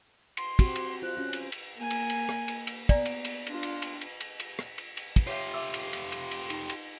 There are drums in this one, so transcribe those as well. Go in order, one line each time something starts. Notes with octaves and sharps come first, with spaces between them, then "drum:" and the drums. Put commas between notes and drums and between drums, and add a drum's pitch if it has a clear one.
C6, drum: cymbal
C4 F#4 G4, drum: kick, cymbal
drum: cymbal
F4 C5 F#6
C#4 F#4
drum: cymbal
drum: cymbal
A#3 G#5
drum: cymbal
drum: cymbal
drum: rim click
drum: cymbal
drum: cymbal
B3 D5 G#5 A#5, drum: kick, cymbal
drum: cymbal
drum: cymbal
D4 F4, drum: cymbal
drum: cymbal
drum: cymbal
drum: cymbal
drum: cymbal
drum: cymbal
drum: rim click
drum: cymbal
drum: cymbal
drum: kick, cymbal
F4 G4 C#5 E5 F5
E5 D6 E6
drum: cymbal
drum: cymbal
drum: cymbal
drum: cymbal
D#4 C6, drum: cymbal
drum: cymbal